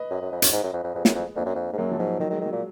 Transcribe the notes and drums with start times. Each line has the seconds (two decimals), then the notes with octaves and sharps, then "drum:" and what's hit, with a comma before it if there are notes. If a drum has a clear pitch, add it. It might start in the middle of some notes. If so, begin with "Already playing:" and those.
Already playing: B4 D#5
0.10 F#2
0.21 F#2
0.32 F2
0.42 F#2, drum: hi-hat
0.53 G#2
0.63 F#2
0.73 F2
0.84 F2
0.94 F2 G#4 B4
1.05 F#2, drum: snare
1.15 F2
1.36 F2 A#3 D4
1.46 F#2
1.55 F2
1.73 G#2 G#3
1.78 F#2 F#3 A#3
1.91 F3
1.99 G#2 F#3
2.20 D#3 F#3
2.30 D#3 G#3
2.41 D#3
2.46 F#3
2.52 A#2